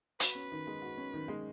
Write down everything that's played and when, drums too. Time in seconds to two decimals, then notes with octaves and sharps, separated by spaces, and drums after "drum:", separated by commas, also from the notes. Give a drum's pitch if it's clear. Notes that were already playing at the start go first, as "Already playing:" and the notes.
0.20 F#4 B4, drum: hi-hat
0.35 C#4
0.52 D#3
0.67 G#3
0.82 F#4
0.98 C#4
1.13 D#3
1.28 G#3